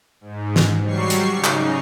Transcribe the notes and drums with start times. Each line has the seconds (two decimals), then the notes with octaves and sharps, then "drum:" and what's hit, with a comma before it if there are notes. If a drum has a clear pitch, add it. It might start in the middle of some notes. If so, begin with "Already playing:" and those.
0.21 G#2
0.56 drum: snare
0.83 F#3 G3 C#6 C7
1.10 drum: hi-hat
1.34 C#3 D#4
1.44 drum: clap